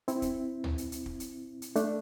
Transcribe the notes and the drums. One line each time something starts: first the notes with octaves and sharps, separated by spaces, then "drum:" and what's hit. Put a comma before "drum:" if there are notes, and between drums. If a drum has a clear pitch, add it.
C4 E4, drum: hi-hat
drum: kick, hi-hat
drum: tom
drum: hi-hat
drum: hi-hat
drum: kick
drum: hi-hat
drum: hi-hat
A3 D4, drum: hi-hat